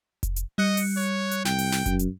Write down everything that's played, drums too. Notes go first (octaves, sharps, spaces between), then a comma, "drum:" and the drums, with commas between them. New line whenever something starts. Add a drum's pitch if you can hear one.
drum: kick F1, hi-hat
drum: hi-hat
G3 D#5 F#6 C#7
drum: open hi-hat
C#5
drum: hi-hat
C2 G5, drum: snare
drum: open hi-hat
drum: snare
F#2, drum: kick F1, hi-hat
drum: hi-hat